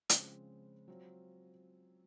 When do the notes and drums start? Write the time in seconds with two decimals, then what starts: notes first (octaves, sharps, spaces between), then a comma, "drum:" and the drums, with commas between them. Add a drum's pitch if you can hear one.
0.09 C#3 F3 G#3 C4, drum: hi-hat
0.88 F#3 C4 F4